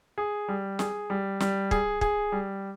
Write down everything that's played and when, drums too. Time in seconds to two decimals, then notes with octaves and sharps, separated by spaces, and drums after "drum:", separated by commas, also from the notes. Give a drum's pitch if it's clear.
0.18 G#4
0.48 G3
0.79 G#4, drum: snare
1.10 G3
1.40 G3, drum: snare
1.71 G#4, drum: kick
2.01 G#4, drum: kick
2.32 G3